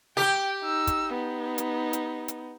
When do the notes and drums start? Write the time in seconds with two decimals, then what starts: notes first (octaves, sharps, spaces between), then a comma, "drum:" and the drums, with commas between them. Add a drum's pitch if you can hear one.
0.17 G4 G5, drum: snare
0.63 D#4 E6
0.87 drum: kick, hi-hat
1.14 B3 D#4
1.58 drum: hi-hat
1.93 drum: hi-hat
2.28 drum: hi-hat